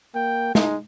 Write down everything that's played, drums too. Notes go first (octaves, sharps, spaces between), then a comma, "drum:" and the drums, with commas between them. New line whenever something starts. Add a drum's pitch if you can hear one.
A#3 G5
G#3 D#4, drum: snare